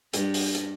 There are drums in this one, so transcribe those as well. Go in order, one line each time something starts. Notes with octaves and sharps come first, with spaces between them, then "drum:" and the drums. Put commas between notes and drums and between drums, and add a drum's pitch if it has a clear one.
G2, drum: hi-hat
drum: open hi-hat
drum: hi-hat